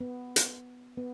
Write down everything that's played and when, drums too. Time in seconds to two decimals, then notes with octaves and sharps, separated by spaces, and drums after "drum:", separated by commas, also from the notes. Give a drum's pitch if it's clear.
0.01 B3
0.36 drum: hi-hat
0.98 B3